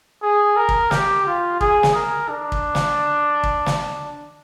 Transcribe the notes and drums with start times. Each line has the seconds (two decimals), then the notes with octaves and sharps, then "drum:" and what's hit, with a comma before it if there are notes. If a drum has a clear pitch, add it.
0.22 G#4
0.57 A#4
0.69 drum: kick
0.91 G4, drum: snare
1.26 F4
1.61 G#4, drum: kick
1.83 drum: snare
1.95 A#4
2.29 D4
2.52 drum: kick
2.75 drum: snare
3.43 drum: kick
3.66 drum: snare